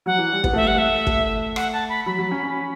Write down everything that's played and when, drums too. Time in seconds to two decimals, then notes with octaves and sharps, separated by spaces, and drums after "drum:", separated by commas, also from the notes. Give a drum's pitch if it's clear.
0.06 F#3 F#5
0.18 E3
0.32 G3
0.44 B3, drum: kick
0.53 A3 E5
0.64 G3 F#5
0.75 A3 E5
1.07 A3, drum: kick
1.56 F#5, drum: rim click
1.73 A5
1.89 B5
2.06 F#3 B5
2.18 F#3
2.31 C#4
2.43 C#4